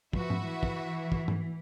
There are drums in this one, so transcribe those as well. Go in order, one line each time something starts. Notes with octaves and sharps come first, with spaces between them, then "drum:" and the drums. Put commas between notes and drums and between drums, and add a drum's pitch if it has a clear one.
F3 F#4 B4 E5, drum: kick
drum: tom G#2
E3
drum: kick
drum: kick
drum: tom G#2